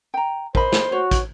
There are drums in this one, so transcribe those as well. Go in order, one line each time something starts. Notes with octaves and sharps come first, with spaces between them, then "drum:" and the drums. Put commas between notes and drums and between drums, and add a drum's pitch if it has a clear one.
G5 A#5
A#4 C5 D#5 B5, drum: kick
drum: snare
F#4 C#5
drum: kick, hi-hat